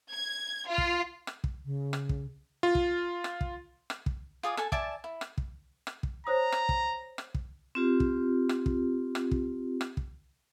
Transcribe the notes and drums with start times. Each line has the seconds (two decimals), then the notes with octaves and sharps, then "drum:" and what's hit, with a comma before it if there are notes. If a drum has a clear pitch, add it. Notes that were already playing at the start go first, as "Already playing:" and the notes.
0.12 G#6
0.69 F4
0.78 drum: kick
1.27 drum: rim click
1.44 drum: kick
1.65 C#3
1.93 drum: rim click
2.09 drum: kick
2.63 F4
2.75 drum: kick
3.24 drum: rim click
3.41 drum: kick
3.90 drum: rim click
4.06 drum: kick
4.43 F4 G#4 D5 D#6
4.57 A4 G#5 A5, drum: rim click
4.72 D5 E5 G#5 A5, drum: kick
5.04 E4
5.21 drum: rim click
5.38 drum: kick
5.87 drum: rim click
6.03 drum: kick
6.27 C5 C#5 A#5 D#6
6.52 drum: rim click
6.69 drum: kick
7.18 drum: rim click
7.34 drum: kick
7.75 C4 F4 G4
8.00 drum: kick
8.49 drum: rim click
8.66 drum: kick
9.15 drum: rim click
9.31 drum: kick
9.81 drum: rim click
9.97 drum: kick